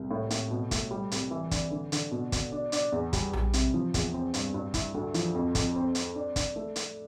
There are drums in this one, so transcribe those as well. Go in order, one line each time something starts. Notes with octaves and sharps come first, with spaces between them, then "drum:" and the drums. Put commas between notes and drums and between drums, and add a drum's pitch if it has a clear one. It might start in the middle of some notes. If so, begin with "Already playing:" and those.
Already playing: C2
A2
A2, drum: hi-hat
B2
A3, drum: kick, hi-hat
G3
C2, drum: hi-hat
E3
D4, drum: kick, hi-hat
D3
D3, drum: hi-hat
B2
B2, drum: kick, hi-hat
D4
D4, drum: hi-hat
E2
G3, drum: kick, hi-hat
G3, drum: tom A#1
C3, drum: hi-hat
F3
E2, drum: kick, hi-hat
C4
G2, drum: hi-hat
G2
E4, drum: kick, hi-hat
D2
F3, drum: hi-hat
F2
F2, drum: kick, hi-hat
C4
C4, drum: hi-hat
D4
D4, drum: kick, hi-hat
A3
A3, drum: hi-hat